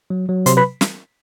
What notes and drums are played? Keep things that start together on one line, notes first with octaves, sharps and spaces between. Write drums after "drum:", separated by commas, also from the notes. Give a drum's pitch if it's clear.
F#3
F#3
C3 C5 C6, drum: hi-hat
B4 B5
drum: snare